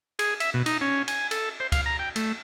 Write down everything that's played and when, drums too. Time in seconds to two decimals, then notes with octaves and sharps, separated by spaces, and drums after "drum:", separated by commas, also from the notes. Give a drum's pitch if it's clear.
0.19 G#4, drum: cymbal
0.40 E5, drum: cymbal
0.54 B2
0.66 D#4, drum: cymbal
0.81 C#4
1.08 G#5, drum: cymbal
1.31 A4, drum: cymbal
1.60 C5
1.72 F5, drum: kick C#2, cymbal
1.86 A#5
1.99 G5
2.16 A3, drum: cymbal